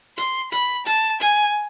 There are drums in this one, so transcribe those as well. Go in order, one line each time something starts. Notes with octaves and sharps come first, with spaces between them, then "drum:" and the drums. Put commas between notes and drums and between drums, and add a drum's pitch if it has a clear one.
C6, drum: hi-hat
B5, drum: hi-hat
A5, drum: hi-hat
G#5, drum: hi-hat